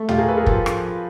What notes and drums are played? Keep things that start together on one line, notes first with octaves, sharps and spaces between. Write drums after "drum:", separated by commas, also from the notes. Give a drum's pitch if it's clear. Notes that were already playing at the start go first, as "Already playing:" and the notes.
Already playing: A3
F4 G4, drum: tom
G#4 A#4
A4 B4
G#4 A#4
F3 G4 A4, drum: kick
drum: rim click